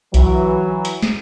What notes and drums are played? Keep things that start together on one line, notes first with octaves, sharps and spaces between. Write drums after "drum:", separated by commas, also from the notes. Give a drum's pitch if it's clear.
E3 F#3, drum: kick B1, hi-hat
drum: hi-hat
drum: snare